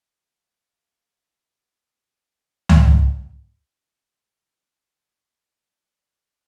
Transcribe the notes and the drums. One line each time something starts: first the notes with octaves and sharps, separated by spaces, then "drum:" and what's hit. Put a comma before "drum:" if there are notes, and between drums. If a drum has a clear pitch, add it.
A#3
B3
drum: tom C#2
D4